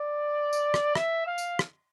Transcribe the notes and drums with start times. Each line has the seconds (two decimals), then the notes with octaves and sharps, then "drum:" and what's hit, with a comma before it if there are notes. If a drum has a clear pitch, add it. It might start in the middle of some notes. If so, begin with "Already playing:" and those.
Already playing: D5
0.53 drum: tambourine
0.74 drum: rim click
0.95 E5, drum: rim click
1.27 F5
1.38 drum: tambourine
1.59 drum: rim click